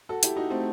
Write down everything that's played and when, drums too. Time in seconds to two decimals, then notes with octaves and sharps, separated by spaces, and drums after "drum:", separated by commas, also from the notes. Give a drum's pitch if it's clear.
0.09 F#4 A4
0.23 E4 G4, drum: hi-hat
0.36 D#4 F#4
0.50 A3 C4